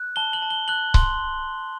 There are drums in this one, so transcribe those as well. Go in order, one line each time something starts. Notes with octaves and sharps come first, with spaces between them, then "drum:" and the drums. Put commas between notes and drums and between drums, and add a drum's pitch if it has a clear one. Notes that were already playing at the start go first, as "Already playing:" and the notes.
Already playing: F#6
A5 G7
F#7
A5
G7
F#6 F#7
C6, drum: kick C#1